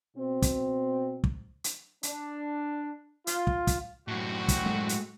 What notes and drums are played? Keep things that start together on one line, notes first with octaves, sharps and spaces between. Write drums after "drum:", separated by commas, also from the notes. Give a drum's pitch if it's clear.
B2 C4
drum: kick, hi-hat
drum: kick
drum: hi-hat
D4, drum: hi-hat
F4, drum: hi-hat
drum: kick
drum: kick, hi-hat
F#2 A2 G3 C4 F#4
drum: kick, hi-hat
G#3 A3
drum: hi-hat